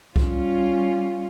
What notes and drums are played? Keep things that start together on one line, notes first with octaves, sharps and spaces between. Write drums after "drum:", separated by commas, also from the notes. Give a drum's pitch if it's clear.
G3 C#4 F4, drum: kick C2